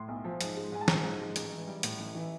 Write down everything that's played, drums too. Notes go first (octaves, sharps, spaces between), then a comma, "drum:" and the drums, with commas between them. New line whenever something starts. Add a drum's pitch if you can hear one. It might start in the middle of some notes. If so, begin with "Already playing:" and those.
Already playing: A2 C6
B1
F3
G#2, drum: hi-hat
G#3
G#2 G#5
A5
F3 A#5, drum: snare
G#2
G#3
A1, drum: hi-hat
E3
G3
A2, drum: hi-hat
A1
E3
E5